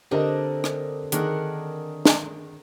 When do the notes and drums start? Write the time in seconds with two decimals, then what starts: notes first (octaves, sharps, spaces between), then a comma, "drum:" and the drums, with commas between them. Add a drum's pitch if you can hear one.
0.11 D3 C4 D4 G4 A#4 D#5
0.64 drum: rim click
1.12 D#3 D4 G#4 A#4 F#5, drum: hi-hat
2.05 drum: snare